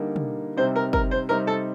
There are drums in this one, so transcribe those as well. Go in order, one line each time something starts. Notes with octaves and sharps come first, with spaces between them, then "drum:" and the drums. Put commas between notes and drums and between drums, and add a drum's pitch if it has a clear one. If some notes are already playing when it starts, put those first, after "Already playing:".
Already playing: D3 G3 A#3 D#4
drum: tom
C3 G3 C4 D#4 C5
A#4
A#4, drum: kick
C5
C3 G3 C4 D#4 A#4
A4